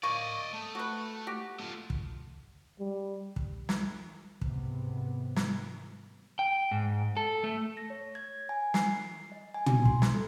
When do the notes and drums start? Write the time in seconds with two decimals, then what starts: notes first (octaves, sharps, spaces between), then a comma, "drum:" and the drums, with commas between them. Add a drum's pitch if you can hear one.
0.03 A#3 D5 D#5 C#6
0.54 A3
0.75 F#4 B4
1.27 F#4 G4
1.59 A3 F4
1.90 drum: kick
2.80 G3
3.36 drum: kick
3.69 drum: snare
4.41 G#1 C3 B3, drum: kick
5.36 drum: snare
6.39 G5
6.71 G#2
7.17 A4
7.44 A3
7.77 A#6
7.90 C#5
8.15 G#6
8.49 G#5
8.74 C7, drum: snare
9.32 D#5
9.54 G#5
9.66 drum: tom
9.85 C6, drum: kick
10.02 drum: snare
10.14 A4